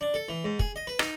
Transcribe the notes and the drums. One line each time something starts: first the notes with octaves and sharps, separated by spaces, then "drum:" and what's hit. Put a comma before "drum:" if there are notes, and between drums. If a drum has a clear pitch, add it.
D4
A4
E3
G#2
G#4, drum: kick
D#5
B4
D#4, drum: rim click